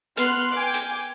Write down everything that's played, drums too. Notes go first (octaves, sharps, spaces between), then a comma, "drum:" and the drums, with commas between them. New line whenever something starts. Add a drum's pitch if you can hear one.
B3 C6 F6 F#6, drum: hi-hat
G5 G#5 D6
drum: hi-hat